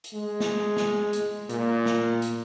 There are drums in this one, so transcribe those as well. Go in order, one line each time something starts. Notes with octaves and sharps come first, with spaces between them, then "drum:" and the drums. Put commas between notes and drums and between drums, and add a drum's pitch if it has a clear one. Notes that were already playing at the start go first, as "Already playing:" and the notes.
drum: hi-hat
G#3
drum: snare
drum: snare
drum: hi-hat
A#2, drum: hi-hat
drum: snare
drum: hi-hat